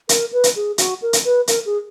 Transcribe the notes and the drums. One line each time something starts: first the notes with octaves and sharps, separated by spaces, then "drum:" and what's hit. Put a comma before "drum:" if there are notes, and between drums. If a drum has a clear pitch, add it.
A#4, drum: hi-hat
B4
drum: hi-hat
G#4
F#4, drum: hi-hat
A#4
drum: hi-hat
B4
A#4, drum: hi-hat
G#4